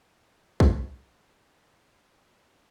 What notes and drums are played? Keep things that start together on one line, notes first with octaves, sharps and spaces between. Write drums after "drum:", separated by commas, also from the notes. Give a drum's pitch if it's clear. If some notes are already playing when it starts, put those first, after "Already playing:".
G#3 E4
drum: kick
D3
B5
G2 F3
F#3 C#4
F#5